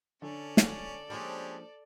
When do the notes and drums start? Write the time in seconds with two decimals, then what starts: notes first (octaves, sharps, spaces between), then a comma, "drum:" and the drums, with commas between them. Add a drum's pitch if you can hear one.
0.22 D3 C#4 A4 D5
0.57 drum: snare
1.10 F3 G#3 A#3 C#4 D4 G4